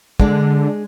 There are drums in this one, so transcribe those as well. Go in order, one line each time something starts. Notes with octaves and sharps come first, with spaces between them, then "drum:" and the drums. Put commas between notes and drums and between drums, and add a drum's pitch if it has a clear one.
D3 G#3 D4 D5, drum: kick